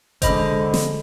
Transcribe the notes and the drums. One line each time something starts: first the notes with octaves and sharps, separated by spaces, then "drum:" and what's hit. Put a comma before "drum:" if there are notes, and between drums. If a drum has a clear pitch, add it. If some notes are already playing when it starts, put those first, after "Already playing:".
D3 G#3 C5 D#5 B5, drum: kick F#1, hi-hat
drum: snare